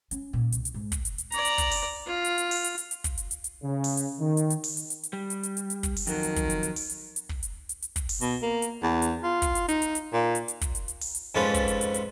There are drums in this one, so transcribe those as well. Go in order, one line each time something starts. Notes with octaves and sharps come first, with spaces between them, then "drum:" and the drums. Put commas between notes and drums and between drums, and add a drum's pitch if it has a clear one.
C#4, drum: hi-hat
A#2
C2, drum: hi-hat
drum: hi-hat
G#2
drum: kick, hi-hat
drum: hi-hat
drum: hi-hat
D5 A#5, drum: hi-hat
drum: hi-hat
drum: kick, hi-hat
drum: open hi-hat
F4
drum: hi-hat
drum: hi-hat
drum: open hi-hat
drum: hi-hat
drum: hi-hat
drum: hi-hat
drum: kick, hi-hat
drum: hi-hat
drum: hi-hat
drum: hi-hat
C#3
drum: open hi-hat
drum: hi-hat
D#3
drum: hi-hat
drum: hi-hat
drum: open hi-hat
drum: hi-hat
drum: hi-hat
drum: hi-hat
G3
drum: hi-hat
drum: hi-hat
drum: hi-hat
drum: hi-hat
drum: kick, hi-hat
drum: open hi-hat
F2 D#3 F#3, drum: hi-hat
drum: hi-hat
drum: kick, hi-hat
drum: hi-hat
drum: hi-hat
drum: open hi-hat
drum: hi-hat
drum: hi-hat
drum: kick
drum: hi-hat
drum: hi-hat
drum: hi-hat
drum: kick, hi-hat
drum: open hi-hat
B2, drum: hi-hat
A#3
drum: hi-hat
E2
drum: hi-hat
F4
drum: kick, hi-hat
drum: hi-hat
D#4, drum: hi-hat
drum: hi-hat
drum: hi-hat
A#2
drum: hi-hat
drum: hi-hat
drum: kick, hi-hat
drum: hi-hat
drum: hi-hat
drum: open hi-hat
drum: hi-hat
F2 G#2 C#4 F4 B4
drum: kick, hi-hat
drum: hi-hat
drum: hi-hat
drum: hi-hat